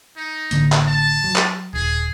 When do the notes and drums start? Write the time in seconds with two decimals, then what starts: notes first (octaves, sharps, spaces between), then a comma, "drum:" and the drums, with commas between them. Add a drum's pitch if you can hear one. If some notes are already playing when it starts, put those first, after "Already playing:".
0.16 D#4
0.51 A1 D3 A#3, drum: hi-hat
0.72 drum: clap
0.87 A5
1.24 F#3
1.36 drum: clap
1.74 D#1 G#4